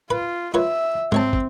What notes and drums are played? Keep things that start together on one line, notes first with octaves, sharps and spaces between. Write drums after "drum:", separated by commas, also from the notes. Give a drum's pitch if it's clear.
F4 B4 B5
F4 B4 C#5 E5
G#3 C4 C#5 A5, drum: tom G#2
drum: kick